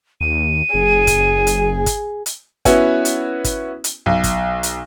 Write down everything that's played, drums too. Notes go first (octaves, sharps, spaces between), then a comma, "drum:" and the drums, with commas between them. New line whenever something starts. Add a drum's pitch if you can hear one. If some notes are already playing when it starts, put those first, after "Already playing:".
D#2 D#7
F#1 G#4
drum: kick, hi-hat
drum: hi-hat
drum: kick, hi-hat
drum: hi-hat
B3 C#4 E4 F#4, drum: kick, hi-hat
drum: hi-hat
drum: kick, hi-hat
drum: hi-hat
B1
drum: kick, hi-hat
drum: hi-hat